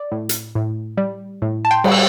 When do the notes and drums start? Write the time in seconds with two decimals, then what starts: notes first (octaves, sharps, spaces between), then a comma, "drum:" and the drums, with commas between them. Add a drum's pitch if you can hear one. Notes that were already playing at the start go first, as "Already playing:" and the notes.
Already playing: D5
0.12 A2
0.29 drum: hi-hat
0.55 A2
0.97 G3
1.42 A2
1.65 A5
1.71 G5 C6
1.84 G3, drum: cymbal
1.92 E6